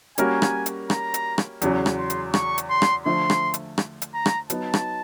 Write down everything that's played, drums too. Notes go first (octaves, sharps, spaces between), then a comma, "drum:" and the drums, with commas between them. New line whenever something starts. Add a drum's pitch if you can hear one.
G3 A#3 C#4 F#4 A#4 G#5, drum: hi-hat
drum: rim click
drum: hi-hat
A#5, drum: rim click
drum: hi-hat
drum: rim click
E2 C#3 F#3, drum: hi-hat
drum: rim click
C6
drum: hi-hat
C#6, drum: rim click
drum: hi-hat
C6
drum: rim click
D3 F3 A3 C6
drum: rim click
drum: hi-hat
drum: rim click
drum: hi-hat
A#5
drum: rim click
F#3 B3 D#4 A5, drum: hi-hat
drum: rim click